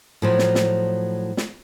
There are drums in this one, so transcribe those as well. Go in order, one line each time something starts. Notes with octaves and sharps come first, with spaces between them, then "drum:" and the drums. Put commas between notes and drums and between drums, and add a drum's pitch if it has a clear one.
A2 F3 F#3
drum: snare
drum: snare
drum: snare